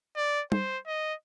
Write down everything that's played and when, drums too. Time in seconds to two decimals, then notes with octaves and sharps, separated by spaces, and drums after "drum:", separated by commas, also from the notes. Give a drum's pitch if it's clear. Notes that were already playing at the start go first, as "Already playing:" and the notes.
0.16 D5
0.52 C5, drum: tom
0.87 D#5